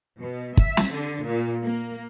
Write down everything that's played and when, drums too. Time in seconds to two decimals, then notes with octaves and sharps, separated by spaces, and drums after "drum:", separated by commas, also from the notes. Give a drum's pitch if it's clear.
0.18 B2
0.57 E5, drum: kick
0.77 drum: snare
0.93 D3
1.25 A#2
1.63 A#3